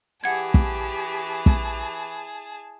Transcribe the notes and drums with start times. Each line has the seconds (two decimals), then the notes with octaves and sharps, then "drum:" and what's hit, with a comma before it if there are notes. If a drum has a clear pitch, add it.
0.24 E3 G4 G#4 F#5 A5 G#6
0.54 drum: kick
1.46 drum: kick